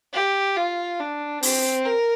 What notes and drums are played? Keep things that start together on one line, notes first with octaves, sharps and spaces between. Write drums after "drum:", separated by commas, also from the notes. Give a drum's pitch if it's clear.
G4
F4
D4
C4, drum: open hi-hat
A#4